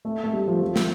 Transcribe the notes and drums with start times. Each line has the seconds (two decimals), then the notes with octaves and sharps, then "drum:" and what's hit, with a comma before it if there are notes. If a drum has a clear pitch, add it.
0.05 A3
0.24 A3
0.33 G3
0.48 F3
0.62 F3
0.76 F3, drum: snare